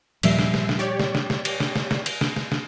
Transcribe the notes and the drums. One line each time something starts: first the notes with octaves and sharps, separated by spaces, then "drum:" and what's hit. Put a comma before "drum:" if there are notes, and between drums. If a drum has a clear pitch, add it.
D#2 A#2 F3 G3 E5 C7, drum: cymbal
drum: snare
drum: snare
drum: snare
G4 C#5 D5
drum: snare
drum: snare
drum: snare
drum: cymbal
drum: snare
drum: snare
drum: snare
drum: cymbal
drum: snare
drum: snare
drum: snare